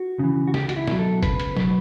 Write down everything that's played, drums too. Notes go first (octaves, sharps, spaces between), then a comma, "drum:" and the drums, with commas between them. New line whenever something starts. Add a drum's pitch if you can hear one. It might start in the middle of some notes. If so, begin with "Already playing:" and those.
Already playing: F#4
C#3 E3
F#4
C#2 G4, drum: snare
F#4, drum: hi-hat
E4
B2 F#3, drum: snare
A4
C#2 B4, drum: kick, hi-hat
drum: hi-hat
B2 F#3 B4, drum: snare